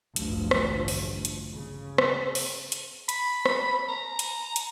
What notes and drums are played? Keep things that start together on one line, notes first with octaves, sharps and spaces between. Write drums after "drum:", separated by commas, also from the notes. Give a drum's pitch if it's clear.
A1 D2 G2 F3, drum: hi-hat
drum: rim click
drum: open hi-hat
drum: hi-hat
C#3
drum: rim click
drum: open hi-hat
drum: hi-hat
B5, drum: hi-hat
drum: rim click
A#5
drum: hi-hat
drum: hi-hat